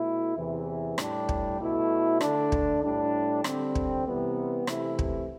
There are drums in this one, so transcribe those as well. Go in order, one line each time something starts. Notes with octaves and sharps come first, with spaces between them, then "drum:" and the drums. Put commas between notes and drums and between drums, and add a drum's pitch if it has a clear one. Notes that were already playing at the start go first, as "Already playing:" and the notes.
Already playing: B2 A3 E4
E2 C3 E3
A2 G3 D4, drum: rim click
drum: kick
B2 A3 E4
D3 A3 D4, drum: rim click
drum: kick
A2 G3 D4
D3 G3 C4, drum: rim click
drum: kick
C3 E3 G3 B3
C3 E3 A3 E4, drum: rim click
drum: kick